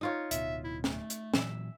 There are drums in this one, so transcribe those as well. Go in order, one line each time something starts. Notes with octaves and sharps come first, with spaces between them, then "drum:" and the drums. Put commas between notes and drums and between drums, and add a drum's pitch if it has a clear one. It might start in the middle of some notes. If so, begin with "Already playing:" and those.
D#4 F4 C#5
D1 B2 E5, drum: hi-hat
E4
A3, drum: snare
drum: hi-hat
A#2 E3 F#3 E5, drum: snare